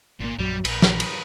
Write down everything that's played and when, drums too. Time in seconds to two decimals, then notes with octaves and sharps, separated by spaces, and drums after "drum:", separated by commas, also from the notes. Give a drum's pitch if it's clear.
0.20 G#1 A#2 A#3
0.39 A#1 F#2 F#3 G3
0.65 A#1 A#4 B4, drum: cymbal
0.82 drum: snare
1.00 drum: cymbal